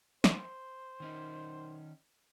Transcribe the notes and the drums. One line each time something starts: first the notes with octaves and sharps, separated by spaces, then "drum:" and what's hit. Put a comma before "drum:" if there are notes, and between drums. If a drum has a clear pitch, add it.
C5, drum: snare
D#3 C#4 D#4